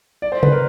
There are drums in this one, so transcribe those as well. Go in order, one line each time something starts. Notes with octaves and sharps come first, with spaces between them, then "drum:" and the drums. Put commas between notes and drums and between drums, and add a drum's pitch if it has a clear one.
D5
C5
B4, drum: tom C3
A#4